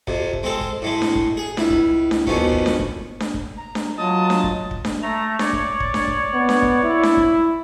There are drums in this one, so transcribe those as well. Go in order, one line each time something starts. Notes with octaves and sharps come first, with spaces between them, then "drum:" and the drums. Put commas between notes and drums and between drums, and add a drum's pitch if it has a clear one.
F2 C3, drum: kick
drum: kick
G#3 C4 A4
drum: kick
A2 G#3 A3
drum: snare D4
drum: kick
G#4
C#2 E4, drum: snare D4
drum: kick
drum: snare D4
D#2 B2 F3 A3 C#4, drum: kick
drum: kick
drum: snare D4
drum: kick
drum: snare D4
drum: kick
A#5
drum: snare D4
F#3 F4 D#5 A5 D#6
drum: snare D4
drum: kick
drum: kick
drum: snare D4
A3 A#5
C#5 D5, drum: snare D4
drum: kick
drum: kick
drum: snare D4
drum: kick
B3
drum: snare D4
drum: kick
E4
drum: snare D4
drum: kick